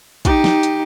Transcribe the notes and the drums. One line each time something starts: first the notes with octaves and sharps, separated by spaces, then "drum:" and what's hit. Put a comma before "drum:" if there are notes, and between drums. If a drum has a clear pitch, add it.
D#4 G4, drum: kick, hi-hat
drum: snare
drum: hi-hat